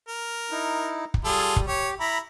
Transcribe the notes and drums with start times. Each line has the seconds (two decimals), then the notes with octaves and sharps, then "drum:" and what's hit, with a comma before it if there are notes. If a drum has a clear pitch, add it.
0.08 A#4
0.51 D#4 E4
1.14 drum: kick
1.25 G3 F4 G#4 A4
1.56 drum: kick
1.67 G4 C#5
2.00 E4 A#5 B5